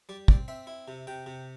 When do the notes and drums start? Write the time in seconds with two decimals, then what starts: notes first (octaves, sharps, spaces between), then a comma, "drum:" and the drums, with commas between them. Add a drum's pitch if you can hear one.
0.09 G3 D5
0.28 C4 D5, drum: kick
0.48 C4 E5
0.67 E4
0.88 C3
1.07 C3 G5
1.26 C3